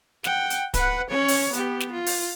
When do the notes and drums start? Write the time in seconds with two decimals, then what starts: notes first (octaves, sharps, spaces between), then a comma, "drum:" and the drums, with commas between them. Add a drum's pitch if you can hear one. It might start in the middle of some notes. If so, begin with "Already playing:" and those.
0.24 F#5 G5, drum: snare
0.50 drum: hi-hat
0.74 B4 F#5, drum: kick D1, hi-hat
1.10 C#4 C#5
1.28 drum: open hi-hat
1.53 B3 G4, drum: hi-hat
1.80 drum: snare
1.92 F4
2.06 drum: open hi-hat